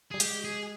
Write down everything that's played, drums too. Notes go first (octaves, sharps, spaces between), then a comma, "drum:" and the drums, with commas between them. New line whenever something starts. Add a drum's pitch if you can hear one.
G3 G#4
G#3 G4, drum: hi-hat
G#4